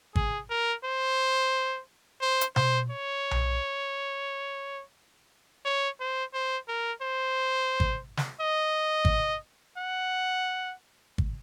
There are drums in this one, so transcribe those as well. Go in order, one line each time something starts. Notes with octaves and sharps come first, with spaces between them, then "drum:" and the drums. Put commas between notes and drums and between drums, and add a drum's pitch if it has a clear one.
G#4, drum: kick
A#4
C5
C5
drum: hi-hat
C5, drum: tom B2
C#5
drum: tom B1
C#5
C5
C5
A#4
C5
drum: kick
drum: snare
D#5
drum: kick
F#5
drum: kick